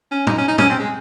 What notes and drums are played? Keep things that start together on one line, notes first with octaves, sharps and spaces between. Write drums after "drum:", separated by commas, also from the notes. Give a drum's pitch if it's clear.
C#4
D#4, drum: tom
C#4
D#4
C#4, drum: tom
C4
G#3